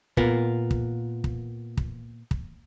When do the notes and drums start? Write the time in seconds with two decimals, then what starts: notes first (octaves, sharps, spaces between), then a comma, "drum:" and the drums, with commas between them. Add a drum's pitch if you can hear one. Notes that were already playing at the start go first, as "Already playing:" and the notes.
0.17 A#2 B3 F4 A#4, drum: kick
0.71 drum: kick
1.24 drum: kick
1.77 drum: kick
2.31 drum: kick